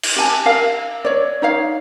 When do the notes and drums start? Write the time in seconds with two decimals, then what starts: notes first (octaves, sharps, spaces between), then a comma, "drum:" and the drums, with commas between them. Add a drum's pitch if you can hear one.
0.03 drum: cymbal
0.16 G4 G#5 A5
0.46 A#4 F5
1.05 C#5 D5
1.42 D#4 C#5 F5